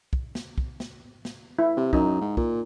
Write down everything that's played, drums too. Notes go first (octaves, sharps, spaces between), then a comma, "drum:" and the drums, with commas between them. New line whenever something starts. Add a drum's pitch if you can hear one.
drum: kick
drum: snare
drum: kick
drum: snare
drum: snare
E4
C3
F#2 D#4, drum: kick
G#2
A#2, drum: kick